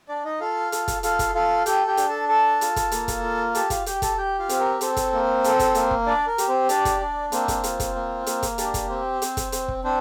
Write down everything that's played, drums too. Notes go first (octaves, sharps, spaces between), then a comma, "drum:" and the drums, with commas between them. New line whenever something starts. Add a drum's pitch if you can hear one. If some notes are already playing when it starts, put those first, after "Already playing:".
D4 D5
D#4 D#5
F4 A4 F5
A4, drum: hi-hat
drum: kick, hi-hat
F4 A4 F5, drum: hi-hat
drum: kick, hi-hat
F4 A4 F5
G4 A4 G5, drum: hi-hat
G4 G5
D4, drum: hi-hat
A4 A5
A4 A5
F4, drum: hi-hat
drum: kick, hi-hat
A#3, drum: hi-hat
drum: kick, hi-hat
F4
G4 A4 A5, drum: hi-hat
F4 F5, drum: kick, hi-hat
G4 G5, drum: hi-hat
A4 A5, drum: kick, hi-hat
G4 G5
F4 F5
C4, drum: hi-hat
A#4
C4 A4 C5, drum: hi-hat
drum: kick, hi-hat
A#3
A4, drum: hi-hat
drum: kick, hi-hat
A#3, drum: hi-hat
drum: kick
D4 D5
A#4
G4, drum: hi-hat
C4 C5
D4 D5, drum: hi-hat
drum: kick, hi-hat
D4
A#3 C4 C5, drum: hi-hat
drum: kick, hi-hat
F4, drum: hi-hat
drum: kick, hi-hat
A#3
A#3, drum: hi-hat
drum: kick, hi-hat
D4 G4 D5, drum: hi-hat
drum: kick, hi-hat
C4 C5
C4, drum: hi-hat
drum: kick, hi-hat
C4, drum: hi-hat
drum: kick
C4 D4 C5